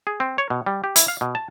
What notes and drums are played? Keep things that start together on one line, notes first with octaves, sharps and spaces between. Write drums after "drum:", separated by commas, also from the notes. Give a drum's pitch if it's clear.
G#4
C4
C#5
B2
G3
G4
E4, drum: hi-hat
F5
B2
A5